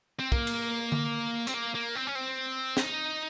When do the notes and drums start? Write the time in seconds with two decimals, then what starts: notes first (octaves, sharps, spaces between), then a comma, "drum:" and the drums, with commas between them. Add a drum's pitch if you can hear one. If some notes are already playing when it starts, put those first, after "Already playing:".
0.20 C4
0.32 A#3, drum: kick
0.47 drum: cymbal
0.92 drum: tom D3
1.47 C4, drum: hi-hat
1.54 A#3
1.75 A#3
1.95 C4
2.07 C#4
2.15 C4
2.77 D#4, drum: snare